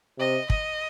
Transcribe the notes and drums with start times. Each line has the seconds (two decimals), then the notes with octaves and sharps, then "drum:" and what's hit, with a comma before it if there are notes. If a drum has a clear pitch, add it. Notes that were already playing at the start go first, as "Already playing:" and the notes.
0.19 C3 D#5
0.50 D#5, drum: kick